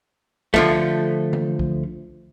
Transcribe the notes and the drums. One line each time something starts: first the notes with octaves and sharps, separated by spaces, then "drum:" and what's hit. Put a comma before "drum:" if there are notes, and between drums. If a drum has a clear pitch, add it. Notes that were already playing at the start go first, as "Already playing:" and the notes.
D3 F3 A3, drum: kick C2
drum: tom E3
drum: kick C2